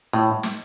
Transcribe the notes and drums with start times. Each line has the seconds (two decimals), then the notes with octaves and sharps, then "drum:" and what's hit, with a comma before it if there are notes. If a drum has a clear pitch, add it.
0.13 A2
0.43 drum: snare